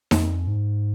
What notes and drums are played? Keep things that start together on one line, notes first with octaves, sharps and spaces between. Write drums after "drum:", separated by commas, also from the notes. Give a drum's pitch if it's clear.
F2, drum: snare D#4
G#2